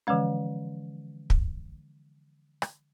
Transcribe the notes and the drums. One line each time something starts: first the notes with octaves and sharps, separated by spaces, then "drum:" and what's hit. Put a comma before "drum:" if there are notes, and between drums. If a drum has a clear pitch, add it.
D3 E3 F3 G#3 C#4
drum: kick
drum: rim click